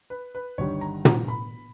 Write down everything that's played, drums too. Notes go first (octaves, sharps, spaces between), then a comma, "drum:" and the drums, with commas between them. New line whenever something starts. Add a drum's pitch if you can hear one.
B4
B4
G1 G2 D#3 G3 C#5
A#5
A#5, drum: tom
B5